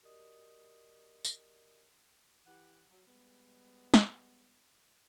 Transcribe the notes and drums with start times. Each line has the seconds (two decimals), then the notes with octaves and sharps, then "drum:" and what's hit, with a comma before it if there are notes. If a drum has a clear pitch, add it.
0.02 F#4 G4 A#4 D5 D#5 D#6
1.25 drum: tambourine
2.47 E3 G4 F#5
2.90 F#3
3.08 G3 G#3 B3
3.94 drum: snare